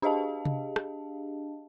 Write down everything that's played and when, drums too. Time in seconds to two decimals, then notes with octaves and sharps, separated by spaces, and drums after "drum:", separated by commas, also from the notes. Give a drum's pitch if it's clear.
0.02 D4 G4 G#4 D#5 F5 A5
0.45 drum: tom C3
0.76 drum: rim click